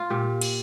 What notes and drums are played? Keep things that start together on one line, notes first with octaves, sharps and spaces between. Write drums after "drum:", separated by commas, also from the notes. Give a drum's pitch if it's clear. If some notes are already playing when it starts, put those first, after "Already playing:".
Already playing: F4
A#2 G4
drum: cymbal